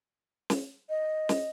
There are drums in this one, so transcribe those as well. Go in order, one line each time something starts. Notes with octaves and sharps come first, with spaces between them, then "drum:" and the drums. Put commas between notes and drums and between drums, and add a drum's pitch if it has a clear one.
drum: snare
D#5
drum: snare